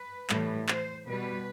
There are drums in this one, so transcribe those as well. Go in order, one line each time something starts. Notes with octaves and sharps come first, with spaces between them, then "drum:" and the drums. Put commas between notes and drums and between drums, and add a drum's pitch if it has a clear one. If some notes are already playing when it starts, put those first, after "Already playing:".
Already playing: B4
A2 E3 G3, drum: clap
C5, drum: clap
B2 G3 B4